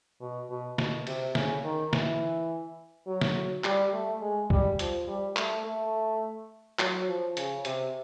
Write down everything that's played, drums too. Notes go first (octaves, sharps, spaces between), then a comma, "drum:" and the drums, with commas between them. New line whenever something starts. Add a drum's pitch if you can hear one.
B2
B2
B2, drum: snare
C3, drum: cymbal
C#3, drum: snare
D#3
E3, drum: snare
F#3
drum: snare
G3, drum: clap
A3
G#3
G3, drum: kick
F3, drum: hi-hat
G3
A3, drum: clap
A3
F#3, drum: clap
F3
C#3, drum: hi-hat
C3, drum: hi-hat